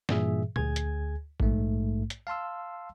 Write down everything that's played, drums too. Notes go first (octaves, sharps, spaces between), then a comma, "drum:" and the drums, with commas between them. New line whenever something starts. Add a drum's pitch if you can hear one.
G2 A#2 E3 G#4 E5, drum: snare
D2 G#4 G#5 G#6, drum: tom A#2
drum: hi-hat
A#1 G#2 A3, drum: kick G#1
drum: hi-hat
F5 A5 C6 E6